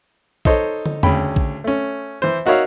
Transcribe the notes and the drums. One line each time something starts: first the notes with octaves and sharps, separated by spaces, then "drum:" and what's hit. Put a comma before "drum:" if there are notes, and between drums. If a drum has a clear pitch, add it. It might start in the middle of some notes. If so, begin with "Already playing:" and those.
D#4 A4 C5 C#5 D#5, drum: kick A#1
drum: tom
D2 C#3 C#4 G5 B5, drum: tom E2
drum: kick A#1
A3 C#4
E3 C5
D#4 F#4 A#4 C#5 E5 F5